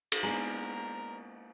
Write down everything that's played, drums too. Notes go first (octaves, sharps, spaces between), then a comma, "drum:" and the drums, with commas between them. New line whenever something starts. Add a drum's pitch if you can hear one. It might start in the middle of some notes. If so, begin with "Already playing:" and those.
drum: cymbal
G#3 A#3 B3 D4 A#4 A#5 F#7